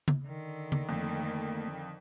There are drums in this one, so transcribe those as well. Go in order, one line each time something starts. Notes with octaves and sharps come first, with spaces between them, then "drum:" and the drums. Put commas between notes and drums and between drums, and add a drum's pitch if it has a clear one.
drum: tom C#3
D3 D#3
drum: tom C#3
F2 A3 A#3